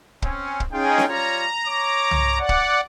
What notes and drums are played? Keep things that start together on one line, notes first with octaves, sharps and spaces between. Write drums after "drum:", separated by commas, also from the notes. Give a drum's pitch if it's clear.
C4 C#4, drum: kick
drum: kick
C#4 D#4 F4 G#4 G5
drum: snare C#4
G3 F4 C#5 A#5
C#5 D6
drum: tom C2
D5 F#5
drum: kick